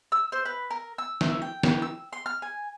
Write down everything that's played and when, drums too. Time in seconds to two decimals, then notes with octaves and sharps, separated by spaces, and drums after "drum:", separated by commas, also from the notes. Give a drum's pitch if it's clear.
0.12 E6
0.32 C5
0.45 B4
0.71 A#4
0.98 E6
1.21 A3, drum: snare
1.42 G5
1.63 drum: snare
1.82 E6
2.13 C6
2.26 F6
2.42 G#5